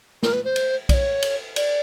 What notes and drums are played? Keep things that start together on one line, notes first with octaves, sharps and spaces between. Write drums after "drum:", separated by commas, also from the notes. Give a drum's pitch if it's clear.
A#4, drum: snare
B4
C5
drum: cymbal
D5, drum: kick B1, cymbal
C#5
drum: cymbal
D5, drum: cymbal